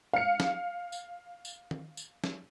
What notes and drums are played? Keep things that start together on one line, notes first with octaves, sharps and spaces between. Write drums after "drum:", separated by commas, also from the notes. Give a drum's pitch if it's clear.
F5 C#7
drum: snare
drum: tambourine
drum: tambourine
drum: tom
drum: tambourine
drum: snare